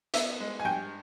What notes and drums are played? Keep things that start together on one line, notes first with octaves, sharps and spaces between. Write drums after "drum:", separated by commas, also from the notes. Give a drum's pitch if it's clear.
B3 E5, drum: hi-hat
G#3
G#5
G2 G5